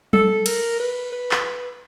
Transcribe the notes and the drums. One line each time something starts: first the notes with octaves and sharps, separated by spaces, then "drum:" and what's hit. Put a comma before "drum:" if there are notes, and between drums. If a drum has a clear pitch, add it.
A4, drum: tom
A#4, drum: cymbal
B4
B4
drum: clap